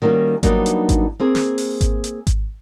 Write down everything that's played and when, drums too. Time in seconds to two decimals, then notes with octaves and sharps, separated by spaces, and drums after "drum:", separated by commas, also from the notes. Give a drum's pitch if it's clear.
0.02 D#3 G3 A#3 C#4 F#4
0.43 F#3 G3 A#3 B3 D4 D#4, drum: kick G#1, hi-hat
0.66 drum: hi-hat
0.89 drum: kick G#1, hi-hat
1.20 A#3 C4 G#4
1.35 drum: snare
1.58 drum: open hi-hat
1.81 drum: kick G#1, hi-hat
2.04 drum: hi-hat
2.27 drum: kick G#1, hi-hat